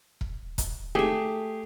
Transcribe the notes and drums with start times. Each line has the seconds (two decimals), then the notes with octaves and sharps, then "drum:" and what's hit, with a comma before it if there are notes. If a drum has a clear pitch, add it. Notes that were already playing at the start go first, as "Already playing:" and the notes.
0.21 drum: kick E1
0.58 drum: kick E1, hi-hat
0.95 A3 G4 G#4 E5